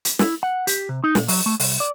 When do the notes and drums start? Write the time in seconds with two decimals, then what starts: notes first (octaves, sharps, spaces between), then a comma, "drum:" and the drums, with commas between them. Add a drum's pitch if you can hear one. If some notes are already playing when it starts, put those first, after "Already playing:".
0.05 drum: hi-hat
0.19 E4, drum: snare
0.43 F#5
0.67 G4, drum: hi-hat
0.89 C3
1.04 D#4
1.15 A#2, drum: snare
1.28 F#3, drum: open hi-hat
1.46 A3
1.60 C2, drum: open hi-hat
1.80 D5